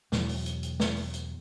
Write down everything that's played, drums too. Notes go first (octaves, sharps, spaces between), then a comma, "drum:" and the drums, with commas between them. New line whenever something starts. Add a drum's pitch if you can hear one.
E2 B2 F#3, drum: snare
drum: open hi-hat
drum: hi-hat
drum: hi-hat
drum: snare
drum: open hi-hat
drum: hi-hat